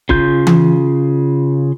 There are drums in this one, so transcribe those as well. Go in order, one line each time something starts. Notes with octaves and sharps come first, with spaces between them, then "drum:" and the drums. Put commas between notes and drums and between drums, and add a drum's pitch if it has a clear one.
C#3 F4 G6, drum: kick
drum: tom E3